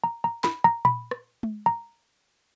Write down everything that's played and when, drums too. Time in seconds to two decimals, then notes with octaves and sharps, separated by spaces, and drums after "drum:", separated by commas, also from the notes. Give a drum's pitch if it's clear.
0.04 A#5
0.24 A#5
0.44 B5, drum: snare
0.64 A#5
0.85 B5, drum: tom A#2
1.11 drum: rim click
1.43 drum: tom G#3
1.66 A#5